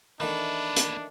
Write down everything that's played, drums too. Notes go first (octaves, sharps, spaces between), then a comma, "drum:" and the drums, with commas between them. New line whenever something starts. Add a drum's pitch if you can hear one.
D#3 E3 A3 A#3 D4 B4
drum: hi-hat